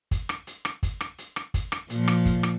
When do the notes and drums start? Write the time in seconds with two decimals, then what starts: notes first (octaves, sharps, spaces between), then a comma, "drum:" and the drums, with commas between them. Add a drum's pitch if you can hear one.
0.11 drum: kick, hi-hat
0.29 drum: rim click
0.47 drum: hi-hat
0.65 drum: rim click
0.83 drum: kick, hi-hat
1.01 drum: rim click
1.18 drum: hi-hat
1.36 drum: rim click
1.54 drum: kick, hi-hat
1.72 drum: rim click
1.90 A#2 F3, drum: hi-hat
2.08 drum: rim click
2.25 drum: kick, hi-hat
2.43 drum: rim click